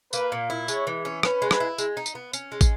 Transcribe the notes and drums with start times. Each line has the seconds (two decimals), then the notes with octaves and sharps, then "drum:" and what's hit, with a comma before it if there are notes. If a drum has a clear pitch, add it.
0.13 A#3 B4, drum: tambourine
0.32 A#2
0.50 E4
0.68 G#3 C#5, drum: tambourine
0.87 E3
1.05 C#4
1.23 C#4 B4, drum: rim click
1.42 G#3
1.51 drum: rim click
1.60 E4
1.78 G#3, drum: tambourine
1.97 D#4
2.06 drum: tambourine
2.15 B3
2.33 C#4, drum: tambourine
2.52 G#3
2.61 drum: kick, tambourine